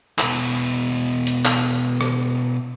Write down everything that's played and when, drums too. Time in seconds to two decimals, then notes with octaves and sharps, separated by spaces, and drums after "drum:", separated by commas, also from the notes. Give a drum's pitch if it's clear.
0.19 B2 E4, drum: clap
1.27 drum: hi-hat
1.45 drum: clap
2.01 drum: rim click